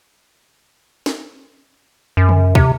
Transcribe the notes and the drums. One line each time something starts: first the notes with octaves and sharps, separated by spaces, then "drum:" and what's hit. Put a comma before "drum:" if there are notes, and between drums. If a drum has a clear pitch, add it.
drum: snare
F#2
drum: tom
C3, drum: kick